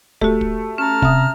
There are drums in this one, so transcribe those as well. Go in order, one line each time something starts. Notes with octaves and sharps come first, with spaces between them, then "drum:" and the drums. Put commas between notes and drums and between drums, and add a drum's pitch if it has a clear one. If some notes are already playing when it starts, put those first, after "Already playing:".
A3 F#4 G4, drum: kick
drum: kick
C#4 A5 A#5 F6
C3 E5 D#6, drum: kick